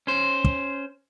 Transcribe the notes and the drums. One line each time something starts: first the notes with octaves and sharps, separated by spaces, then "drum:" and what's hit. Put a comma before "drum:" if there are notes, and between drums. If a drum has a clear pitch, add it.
C#4 C5
drum: kick